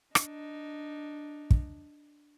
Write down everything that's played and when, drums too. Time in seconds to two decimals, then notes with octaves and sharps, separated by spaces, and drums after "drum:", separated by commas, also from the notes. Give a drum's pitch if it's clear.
0.15 D4 D#4, drum: rim click
1.51 drum: kick